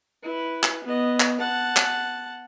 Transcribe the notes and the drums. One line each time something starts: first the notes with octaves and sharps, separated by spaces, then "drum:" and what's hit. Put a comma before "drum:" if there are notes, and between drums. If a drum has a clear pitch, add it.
E4 B4
drum: clap
B3 D#5
drum: clap
F#5 A5
drum: clap